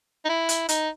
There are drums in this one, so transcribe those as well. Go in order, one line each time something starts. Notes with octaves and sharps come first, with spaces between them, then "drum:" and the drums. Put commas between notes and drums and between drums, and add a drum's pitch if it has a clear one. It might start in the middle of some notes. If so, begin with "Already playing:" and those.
D#4
E4
drum: hi-hat
D#4, drum: hi-hat